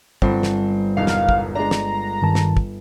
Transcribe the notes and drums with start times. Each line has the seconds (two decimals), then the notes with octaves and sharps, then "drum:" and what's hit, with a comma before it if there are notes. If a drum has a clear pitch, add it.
0.22 G1 C4, drum: kick
0.43 drum: snare
0.97 E1 C2 D#4 F5
1.07 drum: snare
1.29 drum: kick
1.55 G#3 D4 A#5
1.71 drum: snare
2.22 G2 D#3 A5
2.35 drum: snare
2.57 drum: kick